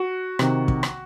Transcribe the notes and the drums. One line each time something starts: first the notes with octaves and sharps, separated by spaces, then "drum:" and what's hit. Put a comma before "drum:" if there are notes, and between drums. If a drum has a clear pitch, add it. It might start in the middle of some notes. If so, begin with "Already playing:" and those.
Already playing: F#4
C3 D#3, drum: rim click
drum: kick
drum: rim click